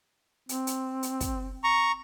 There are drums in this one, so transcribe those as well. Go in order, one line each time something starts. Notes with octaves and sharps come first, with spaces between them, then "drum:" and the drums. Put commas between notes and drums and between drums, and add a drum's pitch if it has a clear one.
C4, drum: hi-hat
drum: hi-hat
drum: hi-hat
drum: kick, hi-hat
A#5 C#6